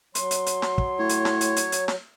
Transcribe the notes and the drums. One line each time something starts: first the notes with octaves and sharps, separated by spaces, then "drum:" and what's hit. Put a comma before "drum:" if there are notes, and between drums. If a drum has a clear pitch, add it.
F#3 C6, drum: hi-hat
drum: hi-hat
drum: hi-hat
drum: snare
drum: kick
A2 C#5
drum: hi-hat
drum: snare
drum: hi-hat
drum: hi-hat
drum: hi-hat
drum: snare